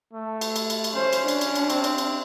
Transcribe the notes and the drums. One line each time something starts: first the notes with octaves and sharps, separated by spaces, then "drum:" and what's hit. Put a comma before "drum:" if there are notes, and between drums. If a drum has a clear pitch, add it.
A3
drum: cymbal
drum: cymbal
drum: cymbal
drum: cymbal
C#4 C5
drum: cymbal
D4, drum: cymbal
drum: cymbal
drum: cymbal
C4, drum: cymbal
drum: cymbal
drum: cymbal